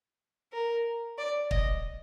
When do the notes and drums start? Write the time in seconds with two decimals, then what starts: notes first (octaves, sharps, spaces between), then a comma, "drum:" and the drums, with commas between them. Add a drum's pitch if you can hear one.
0.53 A#4
1.18 D5
1.51 D#5, drum: kick